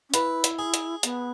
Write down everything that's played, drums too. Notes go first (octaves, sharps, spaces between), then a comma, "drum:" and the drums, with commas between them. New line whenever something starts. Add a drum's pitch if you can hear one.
C#4
E4 B4, drum: hi-hat
drum: hi-hat
G#4
drum: hi-hat
B3, drum: hi-hat